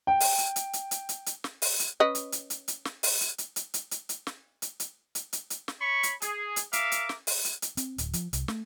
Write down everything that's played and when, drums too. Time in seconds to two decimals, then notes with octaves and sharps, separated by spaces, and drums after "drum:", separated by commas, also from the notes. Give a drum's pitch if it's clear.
0.07 G5
0.20 drum: open hi-hat
0.38 drum: hi-hat
0.56 drum: hi-hat
0.73 drum: hi-hat
0.91 drum: hi-hat
1.09 drum: hi-hat
1.26 drum: hi-hat
1.44 drum: snare
1.62 drum: open hi-hat
1.79 drum: hi-hat
2.00 C#4 B4 D#5
2.15 drum: hi-hat
2.32 drum: hi-hat
2.50 drum: hi-hat
2.68 drum: hi-hat
2.85 drum: snare
3.03 drum: open hi-hat
3.21 drum: hi-hat
3.38 drum: hi-hat
3.56 drum: hi-hat
3.74 drum: hi-hat
3.91 drum: hi-hat
4.09 drum: hi-hat
4.27 drum: snare
4.62 drum: hi-hat
4.80 drum: hi-hat
5.15 drum: hi-hat
5.33 drum: hi-hat
5.50 drum: hi-hat
5.68 drum: snare
5.80 C#5 B5 C#6
6.03 drum: hi-hat
6.22 G#4, drum: hi-hat
6.56 drum: hi-hat
6.73 A#4 E5 F5 D6, drum: hi-hat
6.92 drum: hi-hat
7.09 drum: snare
7.27 drum: open hi-hat
7.45 drum: hi-hat
7.62 drum: hi-hat
7.77 C4, drum: hi-hat
7.98 D1, drum: hi-hat
8.13 F3, drum: hi-hat
8.33 C2, drum: hi-hat
8.48 A3, drum: snare